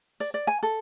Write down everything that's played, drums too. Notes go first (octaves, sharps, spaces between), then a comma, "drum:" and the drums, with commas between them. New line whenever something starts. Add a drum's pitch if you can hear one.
D5, drum: open hi-hat
D5
G#5
A4